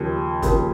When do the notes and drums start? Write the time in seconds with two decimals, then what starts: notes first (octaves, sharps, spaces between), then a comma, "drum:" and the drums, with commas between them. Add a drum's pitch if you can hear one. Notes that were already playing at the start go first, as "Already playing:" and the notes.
Already playing: D#2 C#3 F3 A#3
0.42 D#2 C#3 F3 A#3, drum: kick, hi-hat